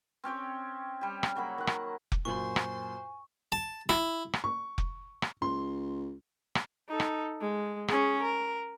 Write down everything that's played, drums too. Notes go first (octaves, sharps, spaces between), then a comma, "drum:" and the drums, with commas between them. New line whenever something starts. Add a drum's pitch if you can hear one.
C4 C#4 G4 C#5
G3 G4
drum: rim click
C#3 F#3 A#3 B5
D#3 F#5
drum: rim click
drum: kick F1
F#2 A#2 C5 G#5 C6 C#6
drum: rim click
A5
E4, drum: rim click
drum: rim click
C#6
drum: kick F1
drum: rim click
C#2 C6
drum: rim click
D#4 A4
drum: rim click
G#3
C#4 G#4, drum: rim click
A#4